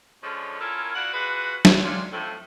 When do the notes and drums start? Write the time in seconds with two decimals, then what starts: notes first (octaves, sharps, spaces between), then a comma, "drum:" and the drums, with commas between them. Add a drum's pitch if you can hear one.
0.23 D3 F3 G#3 C#4
0.61 C#4 E4 F4 A4 A#4
0.95 E4 F#4 D5 F5 F#5
1.13 F4 F#4 G#4 B4
1.65 drum: snare
1.85 C3 G#3 A3 C#4 F4 D5
2.13 F2 A2